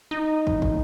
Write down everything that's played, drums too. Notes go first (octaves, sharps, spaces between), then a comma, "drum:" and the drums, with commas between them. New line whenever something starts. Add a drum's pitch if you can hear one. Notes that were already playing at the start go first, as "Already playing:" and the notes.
D#4
drum: kick
drum: kick